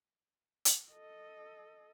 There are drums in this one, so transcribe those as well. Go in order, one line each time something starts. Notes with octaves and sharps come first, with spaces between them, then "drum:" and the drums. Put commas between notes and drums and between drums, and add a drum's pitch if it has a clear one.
drum: hi-hat
A4 D#5